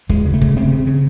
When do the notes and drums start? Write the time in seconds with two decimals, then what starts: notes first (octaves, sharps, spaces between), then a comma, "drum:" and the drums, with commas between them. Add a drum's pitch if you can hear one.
0.09 D#2 G#3, drum: kick
0.25 C#3
0.34 A3
0.41 C#3, drum: kick
0.56 C#3 C4
0.72 C#3
0.87 C#3